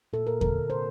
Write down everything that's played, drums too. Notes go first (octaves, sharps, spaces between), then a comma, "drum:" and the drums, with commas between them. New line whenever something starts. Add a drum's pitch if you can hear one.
A#2 A4
A#2 A#4
D3 A#4, drum: kick E2
D3
C3 C5